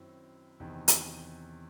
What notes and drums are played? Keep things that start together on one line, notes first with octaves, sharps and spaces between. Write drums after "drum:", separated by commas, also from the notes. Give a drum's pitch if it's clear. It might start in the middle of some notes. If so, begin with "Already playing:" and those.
Already playing: F#2 D#3 C4 E4
E2 C3 D#3
drum: hi-hat